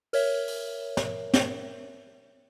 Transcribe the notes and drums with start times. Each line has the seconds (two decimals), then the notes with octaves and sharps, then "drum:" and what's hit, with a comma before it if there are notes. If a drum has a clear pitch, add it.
0.13 A#4 C#5 E5, drum: open hi-hat
0.48 drum: open hi-hat
0.97 drum: snare
1.34 drum: snare